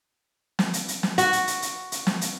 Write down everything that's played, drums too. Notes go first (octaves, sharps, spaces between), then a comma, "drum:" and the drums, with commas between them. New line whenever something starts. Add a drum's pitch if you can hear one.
drum: snare
drum: hi-hat
drum: hi-hat
drum: snare
F#4, drum: hi-hat
drum: hi-hat
drum: hi-hat
drum: hi-hat
drum: hi-hat
drum: snare
drum: hi-hat